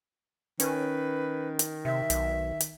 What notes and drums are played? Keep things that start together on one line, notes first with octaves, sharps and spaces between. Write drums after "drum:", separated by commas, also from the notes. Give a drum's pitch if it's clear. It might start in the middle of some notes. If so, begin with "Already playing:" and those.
D#3 C#4 B4, drum: hi-hat
drum: hi-hat
C3 E5
B1, drum: hi-hat
drum: hi-hat